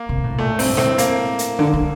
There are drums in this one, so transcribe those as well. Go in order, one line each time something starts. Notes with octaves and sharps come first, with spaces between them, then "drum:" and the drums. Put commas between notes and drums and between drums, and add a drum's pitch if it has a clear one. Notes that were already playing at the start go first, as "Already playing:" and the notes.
Already playing: A#3
C3
A2
A#2 A3
A2
C4, drum: open hi-hat
G2
A2 C4, drum: snare
A#3, drum: hi-hat
drum: hi-hat
D3
D3